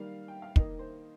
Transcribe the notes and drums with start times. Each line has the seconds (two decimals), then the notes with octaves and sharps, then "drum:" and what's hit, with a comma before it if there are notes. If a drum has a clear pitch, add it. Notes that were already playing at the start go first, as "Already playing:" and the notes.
Already playing: D#3 G3 A#3 F5
0.28 G5
0.42 F5
0.56 D#3 A#3 D#5, drum: kick
0.79 C5